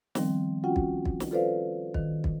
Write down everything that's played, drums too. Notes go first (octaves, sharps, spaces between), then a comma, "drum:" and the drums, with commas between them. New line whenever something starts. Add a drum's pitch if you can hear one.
D#3 F3 G3 B3 C4, drum: snare
C#4 F4 F#4 F#5 G5
drum: kick
drum: kick
drum: snare
F4 A4 B4 C5 D5 F5
D#3, drum: kick
drum: kick